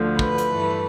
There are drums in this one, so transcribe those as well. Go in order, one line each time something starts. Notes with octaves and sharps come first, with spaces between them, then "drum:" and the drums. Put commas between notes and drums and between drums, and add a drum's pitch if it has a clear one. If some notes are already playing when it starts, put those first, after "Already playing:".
Already playing: D2 D3 F3
B4, drum: kick
drum: hi-hat
G2 E3 A3